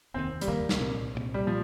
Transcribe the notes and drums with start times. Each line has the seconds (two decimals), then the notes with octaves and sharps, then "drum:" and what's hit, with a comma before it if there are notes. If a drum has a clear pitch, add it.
0.14 F1 D#2 D#3 C4
0.41 G3, drum: hi-hat
0.47 F1 D#2 D#3 A#3
0.69 drum: snare
0.80 C2 A#2 F3 C4
1.14 C2 A#2 F3 C4
1.34 G3
1.47 A#2 F3